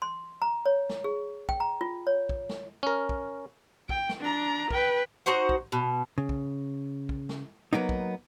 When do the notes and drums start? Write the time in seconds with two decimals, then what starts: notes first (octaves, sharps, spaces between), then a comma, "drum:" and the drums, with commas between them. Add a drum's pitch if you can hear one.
0.02 C6
0.42 A#5
0.66 C#5
0.89 drum: snare
1.04 G#4
1.49 G5, drum: kick
1.60 A#5
1.81 F4
2.07 C#5
2.29 drum: kick
2.49 drum: snare
2.83 C#4 A#4
3.09 drum: kick
3.89 G5, drum: kick
4.09 drum: snare
4.20 D4 A#5
4.71 B4 G5, drum: kick
5.26 D#4 F#4 C5 F#5
5.49 drum: kick
5.72 B2
6.18 C#3
6.29 drum: kick
7.09 drum: kick
7.29 drum: snare
7.73 F#3 A#3 B3 D#4
7.89 drum: kick